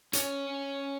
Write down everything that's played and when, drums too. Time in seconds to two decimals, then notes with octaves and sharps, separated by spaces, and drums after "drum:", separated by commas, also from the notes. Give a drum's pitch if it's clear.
0.13 C#4, drum: hi-hat